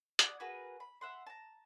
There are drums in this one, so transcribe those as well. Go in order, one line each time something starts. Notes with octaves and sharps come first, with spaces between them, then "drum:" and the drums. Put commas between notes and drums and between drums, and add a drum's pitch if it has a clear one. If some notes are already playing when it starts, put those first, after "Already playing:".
D5 F#5 D#6, drum: hi-hat
F#4 G#4 A#4 B4
B5
E5 F#5 C6
A5 A#5